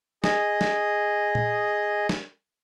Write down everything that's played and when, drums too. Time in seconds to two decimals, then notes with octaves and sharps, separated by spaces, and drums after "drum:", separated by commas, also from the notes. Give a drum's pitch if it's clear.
0.24 G#4 D#5, drum: snare
0.61 drum: snare
1.35 drum: tom A#2
2.09 drum: snare